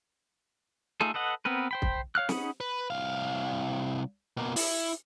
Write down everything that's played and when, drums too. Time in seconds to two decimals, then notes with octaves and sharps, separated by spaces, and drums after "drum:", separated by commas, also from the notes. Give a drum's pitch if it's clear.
1.01 A3 D#4 F4 G#4 A4
1.14 A4 B4 D#5 F#5
1.45 B3 C4 A#4 B4
1.71 C5 G5 B5
1.82 drum: kick
2.15 C#5 F5 F6 F#6
2.29 C#4 D#4 G#4 F#5 B5, drum: snare
2.60 B4
2.90 C2 F5
4.37 B2 A#3
4.56 E4, drum: open hi-hat